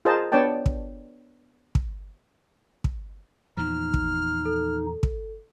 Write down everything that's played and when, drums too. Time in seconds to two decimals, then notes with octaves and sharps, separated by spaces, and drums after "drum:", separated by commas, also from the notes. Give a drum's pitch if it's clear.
0.05 F4 G#4 A#4 C5 D#5 A5
0.32 B3 D4 C#5 D5 G5 A5
0.66 drum: kick
1.75 drum: kick
2.84 drum: kick
3.57 E2 A#2 F3 D#4 F6
3.94 drum: kick
4.45 A4
5.03 drum: kick